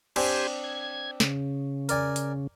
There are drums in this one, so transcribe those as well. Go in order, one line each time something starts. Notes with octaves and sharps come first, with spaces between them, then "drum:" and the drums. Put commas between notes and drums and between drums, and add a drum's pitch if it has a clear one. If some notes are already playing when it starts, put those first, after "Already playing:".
C4 D4 G4 C5 G#5, drum: cymbal
G#6
C#3, drum: snare
A#4 D5 G#5, drum: hi-hat
drum: hi-hat